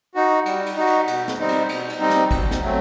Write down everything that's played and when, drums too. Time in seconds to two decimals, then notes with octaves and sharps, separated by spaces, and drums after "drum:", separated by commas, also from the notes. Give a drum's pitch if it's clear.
0.15 D#4 F#4
0.46 G3, drum: cymbal
0.66 drum: cymbal
0.77 D#4 F#4
0.87 drum: cymbal
1.07 B2, drum: cymbal
1.28 drum: snare
1.39 G3 C4 D#4
1.48 drum: cymbal
1.69 B2, drum: cymbal
1.90 drum: cymbal
2.00 G3 C4 D#4
2.10 drum: snare
2.31 B2, drum: kick, cymbal
2.51 drum: snare
2.61 F#3 A3 C4